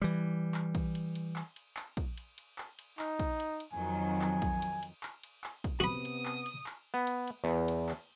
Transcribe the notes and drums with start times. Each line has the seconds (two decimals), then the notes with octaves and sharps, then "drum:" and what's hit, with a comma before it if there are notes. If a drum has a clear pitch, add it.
0.02 E3 G3
0.54 drum: clap
0.75 drum: kick, cymbal
0.95 drum: cymbal
1.15 drum: cymbal
1.36 drum: clap
1.56 drum: cymbal
1.77 drum: clap
1.97 drum: kick, cymbal
2.17 drum: cymbal
2.38 drum: cymbal
2.58 drum: clap
2.79 drum: cymbal
2.99 D#4, drum: clap
3.19 drum: kick, cymbal
3.40 drum: cymbal
3.60 drum: cymbal
3.73 F2 D#3 F#3 G#5
4.21 drum: clap
4.42 drum: kick, cymbal
4.62 drum: cymbal
4.83 drum: cymbal
5.03 drum: clap
5.23 drum: cymbal
5.44 drum: clap
5.64 drum: kick, cymbal
5.80 C3 B3 F#4 B5 D#6
6.05 drum: cymbal
6.25 drum: clap
6.46 drum: cymbal
6.66 drum: clap
6.94 B3
7.07 drum: cymbal
7.27 drum: cymbal
7.44 E2
7.68 drum: cymbal
7.89 drum: clap